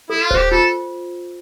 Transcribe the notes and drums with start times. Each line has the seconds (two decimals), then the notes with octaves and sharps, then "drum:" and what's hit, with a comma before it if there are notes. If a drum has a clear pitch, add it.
0.10 E4 A4
0.23 F4
0.31 C5, drum: kick D#1
0.37 G4
0.51 F4 A4